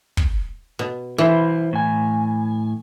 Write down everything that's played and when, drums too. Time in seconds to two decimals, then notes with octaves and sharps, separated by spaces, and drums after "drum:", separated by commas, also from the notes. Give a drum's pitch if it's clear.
0.17 drum: kick
0.79 B2
1.18 E3 E4 C5
1.73 A2 G#5